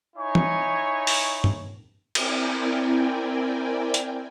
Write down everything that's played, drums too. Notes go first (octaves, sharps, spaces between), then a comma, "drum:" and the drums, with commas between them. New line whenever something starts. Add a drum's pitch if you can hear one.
D#4 E4 C#5 G#5 C#6
drum: tom
drum: open hi-hat
drum: tom
C4 E4 A#4 D5 G5 G#5, drum: cymbal
drum: hi-hat